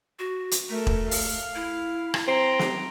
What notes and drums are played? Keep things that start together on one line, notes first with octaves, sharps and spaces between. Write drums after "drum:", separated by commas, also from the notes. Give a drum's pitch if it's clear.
F#4
drum: hi-hat
A3 A4 A#4
drum: kick E1
F5, drum: open hi-hat
E4
drum: rim click
C4 A#5
drum: snare